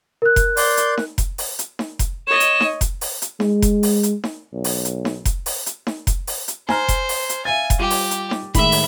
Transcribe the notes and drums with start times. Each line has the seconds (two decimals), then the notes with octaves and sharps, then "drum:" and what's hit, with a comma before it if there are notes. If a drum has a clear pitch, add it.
0.22 A#4 F#6
0.36 drum: kick F1, hi-hat
0.57 D5 C6 G6, drum: open hi-hat
0.77 drum: hi-hat
0.97 drum: snare D#4
1.18 drum: kick F1, hi-hat
1.38 drum: open hi-hat
1.59 drum: hi-hat
1.79 drum: snare D#4
1.99 drum: kick F1, hi-hat
2.27 C#5 D#5 E7
2.40 drum: hi-hat
2.61 drum: snare D#4
2.81 drum: kick F1, hi-hat
3.01 drum: open hi-hat
3.22 drum: hi-hat
3.40 G#3, drum: snare D#4
3.62 drum: kick F1, hi-hat
3.83 drum: open hi-hat
4.03 drum: hi-hat
4.24 drum: snare D#4
4.53 B1
4.64 drum: open hi-hat
4.85 drum: hi-hat
5.05 drum: snare D#4
5.25 drum: kick F1, hi-hat
5.46 drum: open hi-hat
5.66 drum: hi-hat
5.87 drum: snare D#4
6.07 drum: kick F1, hi-hat
6.27 drum: open hi-hat
6.48 drum: hi-hat
6.69 C5 G#5 A#5 F6, drum: snare D#4
6.89 drum: kick F1, hi-hat
7.09 drum: open hi-hat
7.29 drum: hi-hat
7.45 E5 F5 G#5 A6
7.70 drum: kick F1, hi-hat
7.79 G3 F4 G4 D#7
7.90 drum: open hi-hat
8.11 drum: hi-hat
8.31 drum: snare D#4
8.55 A2 D#3 G#3 E5 B5, drum: kick F1, hi-hat
8.72 drum: open hi-hat